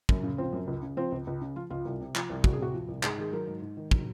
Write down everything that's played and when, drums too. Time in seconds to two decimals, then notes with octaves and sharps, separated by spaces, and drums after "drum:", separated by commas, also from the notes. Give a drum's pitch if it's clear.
0.09 F#2, drum: kick
0.23 C#3
0.38 F3 C4
0.53 F#2
0.67 C#2
0.82 C#3
0.97 F3 C4
1.12 C#2
1.27 C#2
1.42 C#3
1.56 F3 F4
1.70 C#2 F4
1.85 C2
2.00 C3
2.15 F3, drum: clap
2.30 C2
2.44 C2 F#4, drum: kick
2.53 G#4
2.59 C3 F#4
2.74 F3
2.88 C2
3.03 G#2 G#4, drum: clap
3.18 D#3 G#4
3.32 F#3 A#4
3.47 G#2
3.62 G#2
3.77 D#3
3.91 F#3, drum: kick